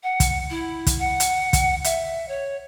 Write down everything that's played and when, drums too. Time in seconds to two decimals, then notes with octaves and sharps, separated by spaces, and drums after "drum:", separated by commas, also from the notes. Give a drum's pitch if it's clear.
0.03 F#5
0.20 drum: kick, hi-hat
0.50 E4
0.87 drum: kick, hi-hat
1.00 F#5
1.20 drum: hi-hat
1.53 drum: kick, hi-hat
1.84 E5, drum: hi-hat
2.29 C#5